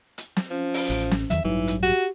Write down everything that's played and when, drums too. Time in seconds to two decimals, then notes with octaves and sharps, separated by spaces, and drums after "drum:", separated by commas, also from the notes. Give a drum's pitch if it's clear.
0.18 drum: hi-hat
0.36 drum: snare
0.51 F3 C#4
0.74 drum: open hi-hat
0.90 A1, drum: hi-hat
1.11 drum: snare
1.30 E2 D#3 F#3 E5, drum: hi-hat
1.44 A1 G2 E3 F#3 D#4
1.68 drum: hi-hat
1.83 F#4 G4